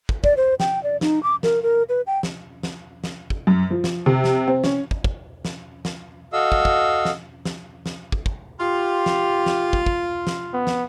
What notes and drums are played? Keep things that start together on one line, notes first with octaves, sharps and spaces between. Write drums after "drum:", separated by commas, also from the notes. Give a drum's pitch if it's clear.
drum: kick
D5, drum: kick
C5
G5, drum: snare
D5
D#4, drum: snare
D6
A#4, drum: snare
A#4
B4
G5
drum: snare
drum: snare
drum: snare
drum: kick
F#2
F3
drum: snare
C3
drum: snare
C4
C#4, drum: snare
drum: kick
drum: kick
drum: snare
drum: snare
F#4 A4 D#5 F5 E6
drum: kick
drum: kick
drum: snare
drum: snare
drum: snare
drum: kick
drum: kick
F4 G4
drum: snare
drum: snare
drum: kick
drum: kick
drum: snare
B3
drum: snare